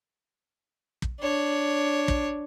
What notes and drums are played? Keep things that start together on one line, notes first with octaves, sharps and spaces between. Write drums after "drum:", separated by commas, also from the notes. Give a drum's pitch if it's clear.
drum: kick
D4 C#5
drum: kick